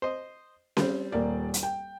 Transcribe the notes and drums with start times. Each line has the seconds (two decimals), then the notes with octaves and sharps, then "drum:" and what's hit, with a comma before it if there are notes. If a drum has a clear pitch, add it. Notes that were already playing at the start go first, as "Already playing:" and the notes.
0.02 C5 D#5
0.77 G3 C4, drum: snare C#4
1.12 D#1 A#3 D5
1.54 drum: hi-hat
1.63 G5